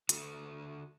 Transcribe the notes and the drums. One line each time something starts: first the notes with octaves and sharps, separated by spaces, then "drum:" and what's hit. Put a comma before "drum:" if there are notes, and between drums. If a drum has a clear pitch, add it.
D3 F#4 A4, drum: hi-hat